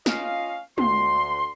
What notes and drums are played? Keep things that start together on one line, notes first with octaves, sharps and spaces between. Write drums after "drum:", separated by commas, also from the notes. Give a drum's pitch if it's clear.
C#4 F4 D#5 F5, drum: snare
D2 C6, drum: tom